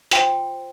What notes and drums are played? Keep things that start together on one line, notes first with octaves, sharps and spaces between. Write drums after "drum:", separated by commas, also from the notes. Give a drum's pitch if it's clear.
F4 C5 G5 C6, drum: hi-hat